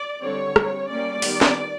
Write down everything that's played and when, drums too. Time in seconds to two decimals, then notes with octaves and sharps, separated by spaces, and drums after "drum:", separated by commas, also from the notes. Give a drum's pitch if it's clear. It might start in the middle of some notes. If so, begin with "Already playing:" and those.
Already playing: D5
0.22 D3 G3 C4 C#5
0.56 G3 C4, drum: rim click
0.89 G3 A#3 C#4 D5
1.22 D#3 G3 B3, drum: open hi-hat
1.41 drum: snare